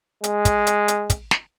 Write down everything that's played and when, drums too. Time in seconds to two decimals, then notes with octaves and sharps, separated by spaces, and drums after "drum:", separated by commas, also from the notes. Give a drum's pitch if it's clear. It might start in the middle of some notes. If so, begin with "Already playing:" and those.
0.24 G#3, drum: hi-hat
0.45 drum: kick, hi-hat
0.67 drum: hi-hat
0.88 drum: hi-hat
1.10 drum: kick, hi-hat
1.31 drum: snare